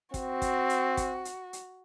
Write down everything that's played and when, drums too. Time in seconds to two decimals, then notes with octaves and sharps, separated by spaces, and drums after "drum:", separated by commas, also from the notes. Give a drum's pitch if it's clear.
0.14 C4 F#4, drum: kick, hi-hat
0.42 drum: kick, hi-hat
0.70 drum: hi-hat
0.97 drum: kick, hi-hat
1.25 drum: hi-hat
1.53 drum: hi-hat